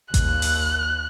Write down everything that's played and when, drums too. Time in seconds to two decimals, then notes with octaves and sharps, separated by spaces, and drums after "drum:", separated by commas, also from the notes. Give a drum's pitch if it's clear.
0.14 D#2 F#6, drum: kick A1, hi-hat
0.42 drum: open hi-hat